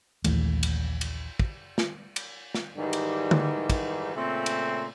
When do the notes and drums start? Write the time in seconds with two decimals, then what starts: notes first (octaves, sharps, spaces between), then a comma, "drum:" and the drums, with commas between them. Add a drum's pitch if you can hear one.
0.24 A#1 D#2 E3 A3, drum: cymbal
0.63 drum: cymbal
1.01 drum: cymbal
1.39 drum: kick
1.78 drum: snare
2.16 drum: cymbal
2.55 drum: snare
2.77 G#2 D#3 E3 G3
2.93 drum: cymbal
3.31 drum: tom D3
3.70 drum: kick, cymbal
4.15 A#2 C#3 A3 C4
4.46 drum: cymbal